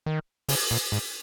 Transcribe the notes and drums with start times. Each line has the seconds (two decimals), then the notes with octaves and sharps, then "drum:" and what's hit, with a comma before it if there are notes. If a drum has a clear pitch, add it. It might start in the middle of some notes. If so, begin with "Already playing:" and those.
0.06 D#3
0.48 C#3, drum: open hi-hat
0.71 A#2
0.92 G#2